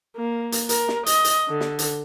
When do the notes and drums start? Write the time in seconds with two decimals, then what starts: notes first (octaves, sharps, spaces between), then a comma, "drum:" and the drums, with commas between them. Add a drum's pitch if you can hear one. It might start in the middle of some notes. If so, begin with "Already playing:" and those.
0.16 A#3
0.52 drum: hi-hat
0.69 A#4, drum: hi-hat
0.88 drum: snare
1.06 D#5, drum: hi-hat
1.24 drum: hi-hat
1.49 D3
1.61 drum: snare
1.79 drum: hi-hat